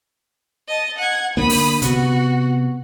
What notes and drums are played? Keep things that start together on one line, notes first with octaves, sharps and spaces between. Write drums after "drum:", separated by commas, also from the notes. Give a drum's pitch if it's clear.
D#5 A5
F#5 G#6
D3 A#3 B5 D#6
drum: open hi-hat
C3 B3 F#4, drum: hi-hat